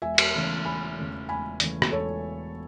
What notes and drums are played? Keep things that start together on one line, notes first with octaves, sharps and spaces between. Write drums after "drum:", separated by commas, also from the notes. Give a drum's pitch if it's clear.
E1 E5 G#5
drum: cymbal
E2 C#3 E3 A3
E1 G#5 B5
E2 C#3 E3 A3
E1 G#5 B5
E2 C#3 E3 A3, drum: hi-hat
drum: rim click
E1 A4 C#5